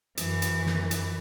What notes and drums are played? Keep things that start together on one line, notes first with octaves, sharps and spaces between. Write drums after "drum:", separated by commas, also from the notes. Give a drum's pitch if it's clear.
F#2 E3, drum: hi-hat
drum: hi-hat
drum: snare
drum: hi-hat